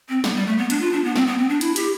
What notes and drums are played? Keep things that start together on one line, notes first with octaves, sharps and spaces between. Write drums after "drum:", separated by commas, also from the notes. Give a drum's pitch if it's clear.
C4
B3, drum: snare
G3
A3
B3
D4, drum: hi-hat
F4
D4
B3
C4, drum: snare
B3
C4
D4
E4, drum: hi-hat
G4, drum: hi-hat